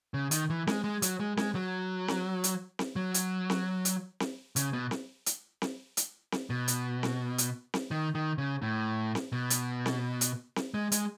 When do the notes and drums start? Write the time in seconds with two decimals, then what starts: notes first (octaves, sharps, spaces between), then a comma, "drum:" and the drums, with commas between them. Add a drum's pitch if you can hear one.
0.14 C#3
0.31 D#3, drum: hi-hat
0.50 E3
0.67 G#3, drum: snare C4
0.84 G#3
1.02 F#3, drum: hi-hat
1.20 G#3
1.37 G#3, drum: snare C4
1.55 F#3
2.08 drum: snare C4
2.44 drum: hi-hat
2.79 drum: snare C4
2.96 F#3
3.14 drum: hi-hat
3.50 drum: snare C4
3.85 drum: hi-hat
4.20 drum: snare C4
4.56 C#3, drum: hi-hat
4.73 B2
4.91 drum: snare C4
5.26 drum: hi-hat
5.62 drum: snare C4
5.97 drum: hi-hat
6.32 drum: snare C4
6.50 B2
6.68 drum: hi-hat
7.03 drum: snare C4
7.38 drum: hi-hat
7.74 drum: snare C4
7.91 D#3
8.15 D#3
8.38 C#3
8.62 A2
9.15 drum: snare C4
9.32 B2
9.50 drum: hi-hat
9.86 drum: snare C4
10.21 drum: hi-hat
10.56 drum: snare C4
10.74 G#3
10.92 G#3, drum: hi-hat